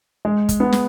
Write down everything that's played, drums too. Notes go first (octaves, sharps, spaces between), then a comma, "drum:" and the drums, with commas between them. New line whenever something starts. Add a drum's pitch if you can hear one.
G#3
drum: kick, hi-hat
B3
drum: snare